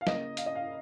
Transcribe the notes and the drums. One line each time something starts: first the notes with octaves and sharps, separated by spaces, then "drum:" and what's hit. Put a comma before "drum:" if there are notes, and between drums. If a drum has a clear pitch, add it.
F5
C#3 A#3 D#5, drum: snare
F5, drum: hi-hat
D#5
F5